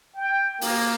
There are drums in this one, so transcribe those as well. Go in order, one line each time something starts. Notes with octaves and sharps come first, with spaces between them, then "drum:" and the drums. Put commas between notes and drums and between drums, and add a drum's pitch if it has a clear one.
G5
A#3, drum: open hi-hat